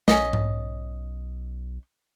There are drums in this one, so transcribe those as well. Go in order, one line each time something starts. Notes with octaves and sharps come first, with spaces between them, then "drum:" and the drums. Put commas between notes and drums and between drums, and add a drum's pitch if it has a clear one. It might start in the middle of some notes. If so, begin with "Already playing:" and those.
B1 C#4 D#5, drum: snare
drum: tom G#2